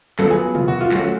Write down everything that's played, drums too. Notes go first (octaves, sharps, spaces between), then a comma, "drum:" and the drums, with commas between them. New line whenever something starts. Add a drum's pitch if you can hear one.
F#3 B3 F4 A4, drum: clap
G#4
F4, drum: tom B2
F#4
F4
F#3 A3 C#4 F4 F#4, drum: clap